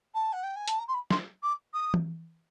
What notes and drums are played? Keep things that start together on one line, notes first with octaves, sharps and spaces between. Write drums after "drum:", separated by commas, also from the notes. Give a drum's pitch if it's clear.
A5
F#5
G5
G#5
A5, drum: hi-hat
A#5
C6
B5
C6, drum: snare
D6
D#6
drum: tom E3